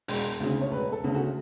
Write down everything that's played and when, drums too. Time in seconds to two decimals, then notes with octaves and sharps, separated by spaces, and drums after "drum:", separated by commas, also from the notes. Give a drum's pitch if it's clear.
0.08 E1, drum: open hi-hat
0.40 D2 C#3
0.61 C#5
0.71 E1 B4
0.92 A4
1.04 D2 C#3
1.15 F#4